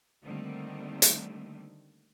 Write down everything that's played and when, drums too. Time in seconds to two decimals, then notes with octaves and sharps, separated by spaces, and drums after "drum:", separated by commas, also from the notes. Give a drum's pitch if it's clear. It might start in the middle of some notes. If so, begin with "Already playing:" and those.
0.24 D3 D#3 G3 A3 A#3 C4
1.02 drum: hi-hat